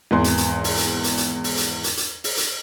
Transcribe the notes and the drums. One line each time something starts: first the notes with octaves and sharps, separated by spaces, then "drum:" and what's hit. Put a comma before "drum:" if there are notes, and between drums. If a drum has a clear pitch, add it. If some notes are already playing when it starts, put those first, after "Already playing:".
G#1 E2 C6
drum: hi-hat
drum: hi-hat
drum: open hi-hat
drum: hi-hat
drum: hi-hat
drum: hi-hat
drum: open hi-hat
drum: hi-hat
drum: hi-hat
drum: hi-hat
drum: open hi-hat
drum: hi-hat